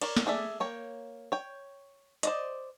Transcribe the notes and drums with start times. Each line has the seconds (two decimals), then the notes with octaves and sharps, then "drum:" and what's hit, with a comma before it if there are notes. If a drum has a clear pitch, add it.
0.01 A#4 C#5 D5, drum: cymbal
0.17 drum: snare
0.26 A3 G#4 D5 E5
0.60 A#3 C#5 G5
1.32 C#5 G5
2.23 C5 D5 D#5, drum: hi-hat